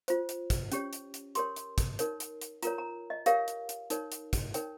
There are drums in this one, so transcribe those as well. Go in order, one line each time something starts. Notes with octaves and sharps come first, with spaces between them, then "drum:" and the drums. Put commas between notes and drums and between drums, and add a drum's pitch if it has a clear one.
F4 C5, drum: hi-hat
drum: hi-hat
drum: kick, hi-hat
C#4 G4 C#5, drum: hi-hat
drum: hi-hat
drum: hi-hat
G4 A#4 C#5 C6, drum: hi-hat
drum: hi-hat
drum: kick, hi-hat
D#4 A#4 C#5, drum: hi-hat
drum: hi-hat
drum: hi-hat
F4 A#4 C#5 A#5, drum: hi-hat
A#5
D#5
G4 A#4 C#5 F5, drum: hi-hat
drum: hi-hat
drum: hi-hat
D#4 A#4 C#5, drum: hi-hat
drum: hi-hat
drum: kick, hi-hat
D#4 A#4 C#5 G5, drum: hi-hat